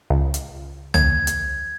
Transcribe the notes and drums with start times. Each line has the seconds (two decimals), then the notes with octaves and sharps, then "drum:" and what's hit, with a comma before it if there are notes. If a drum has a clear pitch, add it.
0.10 C#2
0.34 drum: hi-hat
0.94 D#2 G#6, drum: tom C2
1.27 drum: hi-hat